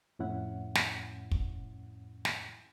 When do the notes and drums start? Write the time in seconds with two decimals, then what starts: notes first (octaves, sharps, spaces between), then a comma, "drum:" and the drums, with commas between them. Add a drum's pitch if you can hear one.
0.19 F2 A2 C#4 E4 F#5
0.75 drum: snare
1.31 drum: kick
2.25 drum: snare